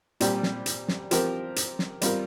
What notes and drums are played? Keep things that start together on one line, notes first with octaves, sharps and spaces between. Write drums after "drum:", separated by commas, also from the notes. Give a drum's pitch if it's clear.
A#2 G3 C4 G4, drum: hi-hat
drum: snare
drum: hi-hat
drum: snare
F3 C4 G4 A#4, drum: hi-hat
drum: hi-hat
drum: snare
G3 C4 F4 A#4, drum: hi-hat